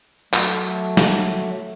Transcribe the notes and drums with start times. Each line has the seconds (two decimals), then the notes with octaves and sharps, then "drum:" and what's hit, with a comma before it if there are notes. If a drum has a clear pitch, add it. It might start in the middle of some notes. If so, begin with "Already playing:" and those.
0.33 F#3 A3, drum: clap
0.97 drum: snare